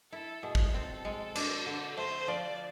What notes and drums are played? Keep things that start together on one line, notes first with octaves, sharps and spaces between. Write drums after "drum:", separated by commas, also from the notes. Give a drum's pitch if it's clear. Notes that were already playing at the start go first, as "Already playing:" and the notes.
E4 A4
B2 G#4
drum: kick
C4 A4
G#3
D4, drum: cymbal
D3
A3 C5
F3 D5